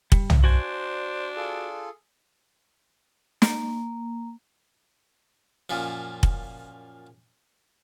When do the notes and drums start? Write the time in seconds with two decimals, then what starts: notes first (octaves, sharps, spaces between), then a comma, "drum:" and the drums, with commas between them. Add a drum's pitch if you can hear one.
0.12 G3, drum: kick
0.30 drum: tom
0.44 D4 F#4 C5 D5 G#5
1.36 F4 G#4 A4
3.42 A#3, drum: snare
5.70 F#2 A#2 F3
6.23 drum: kick